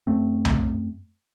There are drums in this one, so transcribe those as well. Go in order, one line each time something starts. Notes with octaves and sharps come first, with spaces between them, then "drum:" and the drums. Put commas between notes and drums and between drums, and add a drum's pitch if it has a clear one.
F#2 A3 C4
drum: tom C2